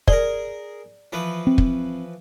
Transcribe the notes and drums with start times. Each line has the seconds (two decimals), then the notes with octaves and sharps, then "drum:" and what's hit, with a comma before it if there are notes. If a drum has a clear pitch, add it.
0.08 G#4 A#4 D5, drum: kick
1.12 E3 F3 B4
1.47 C4
1.58 drum: kick